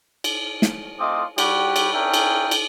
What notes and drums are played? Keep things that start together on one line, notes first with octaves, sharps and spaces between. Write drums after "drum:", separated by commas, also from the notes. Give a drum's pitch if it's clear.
drum: cymbal
drum: snare
A3 C4 F4 D#5 D6 D#6
G3 F#4 G4, drum: cymbal
drum: cymbal
C#4 D4 G#4 A#4 E5 G5
drum: cymbal
drum: cymbal